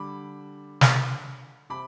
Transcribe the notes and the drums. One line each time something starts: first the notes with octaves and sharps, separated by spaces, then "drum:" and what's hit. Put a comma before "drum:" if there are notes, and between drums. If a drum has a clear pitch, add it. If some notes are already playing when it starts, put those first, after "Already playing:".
Already playing: D3 G3 B5 D6
drum: snare
C3 B5 D6